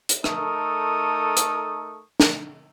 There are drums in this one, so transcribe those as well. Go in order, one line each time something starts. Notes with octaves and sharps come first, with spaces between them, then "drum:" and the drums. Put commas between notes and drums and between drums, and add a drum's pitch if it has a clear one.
drum: hi-hat
A3 D#4 A4 A#4 C#6 D#6, drum: rim click
drum: hi-hat
drum: snare